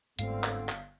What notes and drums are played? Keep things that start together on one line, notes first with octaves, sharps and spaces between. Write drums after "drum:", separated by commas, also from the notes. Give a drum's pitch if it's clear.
G1 G#2 D3 A3 C4 F5, drum: hi-hat
drum: clap
drum: clap